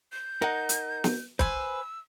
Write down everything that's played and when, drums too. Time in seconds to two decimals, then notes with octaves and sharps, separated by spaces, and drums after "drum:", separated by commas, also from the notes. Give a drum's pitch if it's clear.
0.12 G6
0.42 D#4 A#4 F#5
0.69 drum: hi-hat
1.04 drum: snare
1.39 B4 C5 G#5 E6, drum: kick